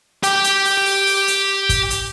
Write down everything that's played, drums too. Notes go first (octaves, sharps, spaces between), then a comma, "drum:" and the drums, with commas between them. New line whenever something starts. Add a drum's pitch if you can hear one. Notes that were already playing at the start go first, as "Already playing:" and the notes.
G4 G5, drum: hi-hat
drum: hi-hat
drum: open hi-hat
drum: open hi-hat
drum: open hi-hat
drum: hi-hat
drum: kick, hi-hat
drum: hi-hat